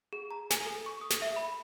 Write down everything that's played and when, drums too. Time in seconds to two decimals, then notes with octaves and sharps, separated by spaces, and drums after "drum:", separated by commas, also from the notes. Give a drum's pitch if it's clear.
0.13 G#4
0.31 A#5
0.50 G#5, drum: snare
0.66 A4
0.86 C#6
1.01 D#6
1.10 drum: snare
1.22 E5
1.36 B5